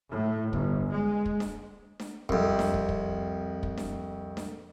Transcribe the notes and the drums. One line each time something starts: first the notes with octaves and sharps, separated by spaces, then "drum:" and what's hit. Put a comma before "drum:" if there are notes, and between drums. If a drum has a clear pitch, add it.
A2
G1, drum: kick
G#3
drum: kick
drum: snare D4
drum: snare D4
C2 F2, drum: kick
drum: snare D4
drum: kick
drum: kick
drum: kick
drum: snare D4
drum: snare D4